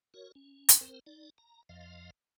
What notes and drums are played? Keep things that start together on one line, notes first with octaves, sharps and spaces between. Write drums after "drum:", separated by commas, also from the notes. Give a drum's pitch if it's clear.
F#4 A#4 C#5
C#4
drum: hi-hat
C4 A#4 C5
D#4 D5
A#5
F2 F3 D#5 F5